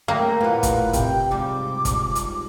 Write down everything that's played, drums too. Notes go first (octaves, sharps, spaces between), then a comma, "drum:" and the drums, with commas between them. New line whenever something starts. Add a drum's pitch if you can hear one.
F#3 A3 A#3 G5
A2 F4 G4 A#4 B4 F#5
drum: kick, hi-hat
C3 G5, drum: kick, hi-hat
G#2 F3 G3 D6
drum: kick, hi-hat
drum: hi-hat